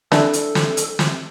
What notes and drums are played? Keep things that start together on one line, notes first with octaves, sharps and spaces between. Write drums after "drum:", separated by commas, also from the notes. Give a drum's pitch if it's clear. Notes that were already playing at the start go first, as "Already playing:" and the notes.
D4 E4 A4, drum: snare
drum: hi-hat
drum: snare
drum: hi-hat
drum: snare